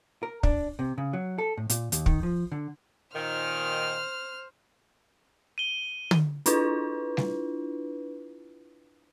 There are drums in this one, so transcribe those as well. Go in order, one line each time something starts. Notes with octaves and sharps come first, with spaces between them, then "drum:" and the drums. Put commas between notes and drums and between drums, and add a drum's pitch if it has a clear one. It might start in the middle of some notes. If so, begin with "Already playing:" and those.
A#4
D4, drum: kick
C3
C#3
F#3
A4
A2
A#2, drum: hi-hat
D#2, drum: hi-hat
D#3, drum: kick
F3
D3
A#2 D#3 C5 F6
D#7 G7
drum: tom
D4 E4 F4 B4, drum: hi-hat
drum: snare G3